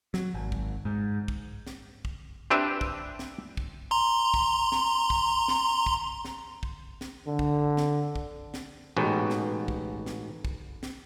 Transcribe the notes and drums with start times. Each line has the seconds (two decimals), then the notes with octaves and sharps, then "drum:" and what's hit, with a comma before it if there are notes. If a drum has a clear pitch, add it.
0.14 F#3, drum: snare
0.34 G#1
0.52 drum: kick
0.85 G#2
1.28 drum: kick
1.67 drum: snare
2.05 drum: kick
2.50 C4 D4 G4 B4 E5
2.81 drum: kick
3.19 drum: snare
3.57 drum: kick
3.91 A#5 C6
4.34 drum: kick
4.72 drum: snare
5.10 drum: kick
5.48 drum: snare
5.86 drum: kick
6.25 drum: snare
6.63 drum: kick
7.01 drum: snare
7.26 D3
7.39 drum: kick
7.77 drum: snare
8.16 drum: kick
8.54 drum: snare
8.96 A1 G#2 B2
9.30 drum: snare
9.68 drum: kick
10.06 drum: snare
10.45 drum: kick
10.83 drum: snare